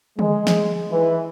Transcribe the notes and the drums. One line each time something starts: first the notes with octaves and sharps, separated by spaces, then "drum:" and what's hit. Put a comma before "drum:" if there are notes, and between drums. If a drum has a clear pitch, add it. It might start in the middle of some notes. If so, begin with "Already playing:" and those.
G#3, drum: tom D3
drum: snare
E3